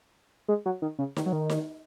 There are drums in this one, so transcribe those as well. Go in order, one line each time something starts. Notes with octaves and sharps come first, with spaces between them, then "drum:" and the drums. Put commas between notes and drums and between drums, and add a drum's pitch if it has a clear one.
G#3
F#3
D#3
C#3
D#3, drum: snare D#4
F#3
D#3
drum: snare D#4